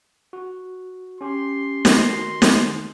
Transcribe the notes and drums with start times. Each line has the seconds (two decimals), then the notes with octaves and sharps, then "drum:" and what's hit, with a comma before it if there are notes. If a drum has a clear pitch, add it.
0.33 F#4
1.21 C#4 G4 C6
1.85 D#3 F#4 A#6, drum: snare
2.42 drum: snare